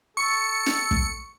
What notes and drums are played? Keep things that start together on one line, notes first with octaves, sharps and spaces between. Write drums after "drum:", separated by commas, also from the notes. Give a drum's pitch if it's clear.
A4 C#6 C#7
drum: snare
drum: kick